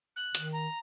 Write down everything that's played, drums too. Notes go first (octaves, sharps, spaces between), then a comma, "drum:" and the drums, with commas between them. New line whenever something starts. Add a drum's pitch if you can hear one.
F#6
D#3, drum: hi-hat
A#5